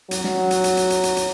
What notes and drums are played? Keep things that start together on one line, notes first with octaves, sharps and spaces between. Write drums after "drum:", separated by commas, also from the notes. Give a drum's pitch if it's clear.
F#3, drum: hi-hat
drum: snare
drum: hi-hat
drum: hi-hat
drum: hi-hat
drum: hi-hat
drum: hi-hat
drum: hi-hat